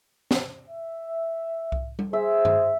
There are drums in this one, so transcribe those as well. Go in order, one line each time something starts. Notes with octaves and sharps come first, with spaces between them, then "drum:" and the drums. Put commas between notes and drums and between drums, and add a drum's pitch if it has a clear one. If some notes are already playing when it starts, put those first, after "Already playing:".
drum: snare
E5
drum: kick C2
drum: tom G3
G#4 C5 E5
drum: tom G2